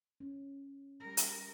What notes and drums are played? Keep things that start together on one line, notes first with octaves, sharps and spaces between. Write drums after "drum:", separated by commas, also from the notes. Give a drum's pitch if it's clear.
C#4
G3 A#4
drum: hi-hat